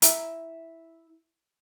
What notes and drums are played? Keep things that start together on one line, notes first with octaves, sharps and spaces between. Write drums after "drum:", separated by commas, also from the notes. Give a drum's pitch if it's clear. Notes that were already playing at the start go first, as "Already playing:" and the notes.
E4 E5 A#5, drum: hi-hat